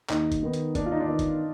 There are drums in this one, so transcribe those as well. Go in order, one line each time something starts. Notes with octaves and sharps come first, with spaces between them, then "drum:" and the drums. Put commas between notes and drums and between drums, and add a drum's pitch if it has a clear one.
D#2 D#4, drum: clap
drum: kick F#1, hi-hat
D#3 B3
drum: hi-hat
D#2 D4, drum: kick F#1, hi-hat
F4
D#4
D4
D#3 B3 D#4
drum: kick F#1, hi-hat